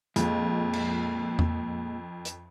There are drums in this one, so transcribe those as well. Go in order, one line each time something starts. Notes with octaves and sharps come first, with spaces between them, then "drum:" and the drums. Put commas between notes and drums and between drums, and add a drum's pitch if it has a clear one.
F2 A#2 G#3, drum: hi-hat
drum: cymbal
drum: tom E2
drum: hi-hat